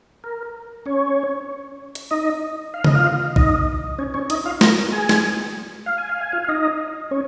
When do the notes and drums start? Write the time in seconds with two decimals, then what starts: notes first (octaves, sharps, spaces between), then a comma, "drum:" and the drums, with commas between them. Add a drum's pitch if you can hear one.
0.24 A#4
0.86 C#4 C#5
1.95 drum: hi-hat
2.11 D#4 D#5
2.74 F5
2.84 D#5, drum: tom C#3
2.95 F4 F5
3.36 D#4 D#5, drum: kick
3.98 C#4 C#5
4.14 C#4 C#5
4.30 D#4 D#5, drum: hi-hat
4.45 F4 F5
4.61 A#4 A#5, drum: snare
4.92 G#4 G#5
5.09 drum: snare
5.86 F5
5.98 G#5
6.09 F5
6.21 G#5
6.32 F4 F5
6.44 F5
6.49 D#4 D#5
7.11 C#4 C#5